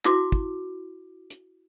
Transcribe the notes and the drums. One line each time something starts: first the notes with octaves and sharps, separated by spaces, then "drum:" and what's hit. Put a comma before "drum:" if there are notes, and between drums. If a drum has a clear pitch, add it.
E4 F#4 D6, drum: clap
drum: kick
drum: hi-hat